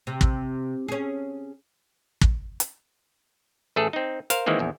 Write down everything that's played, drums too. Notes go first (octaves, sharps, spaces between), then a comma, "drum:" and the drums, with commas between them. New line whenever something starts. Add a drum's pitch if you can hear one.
C3
drum: kick
C#4 G#4
drum: kick
drum: hi-hat
A1 A3 G#4 A4
C4 D#4
A#4 C5 F5, drum: hi-hat
D#3 E3 G#3 A#3 C4
A#1 E2